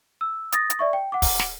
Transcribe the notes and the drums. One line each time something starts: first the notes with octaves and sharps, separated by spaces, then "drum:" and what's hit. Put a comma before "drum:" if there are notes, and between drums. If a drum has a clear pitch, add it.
E6
D#6 A6 A#6, drum: hi-hat
drum: hi-hat
D5 E5 C#6
G5
F#5 D6
drum: kick, open hi-hat
drum: snare